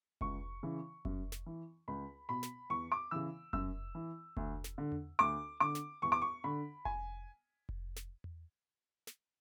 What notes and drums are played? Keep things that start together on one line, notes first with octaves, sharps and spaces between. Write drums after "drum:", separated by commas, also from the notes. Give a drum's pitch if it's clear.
C#2 C#6, drum: kick F1
C#3 E3
F#2, drum: kick F1
drum: snare
E3
C#2 B5
B2 B5
drum: snare
E2 C#6
D6
C#3 E3 E6
F#2 E6, drum: kick F1
E3
D2, drum: kick F1
drum: snare
D3
drum: tom E2
D2 D6
D3 D6
drum: snare
E2 C#6
D6
C#6
D3 B5
G#5, drum: kick F1
drum: kick F1
drum: snare
drum: tom E2
drum: snare